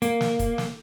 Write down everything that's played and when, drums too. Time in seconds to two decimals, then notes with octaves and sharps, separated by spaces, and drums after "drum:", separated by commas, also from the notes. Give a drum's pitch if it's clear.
0.02 A#3, drum: hi-hat
0.21 drum: snare
0.39 drum: kick, hi-hat
0.58 drum: snare